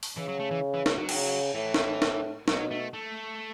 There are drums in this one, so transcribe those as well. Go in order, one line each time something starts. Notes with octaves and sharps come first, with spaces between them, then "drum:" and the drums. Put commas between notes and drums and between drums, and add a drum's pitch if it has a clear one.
drum: open hi-hat
C#3 E3
F#3
A3
E3
E3
E3, drum: snare
F#3
C#3, drum: cymbal
A2 E3
drum: snare
drum: snare
B2 F#3, drum: snare
A3
A3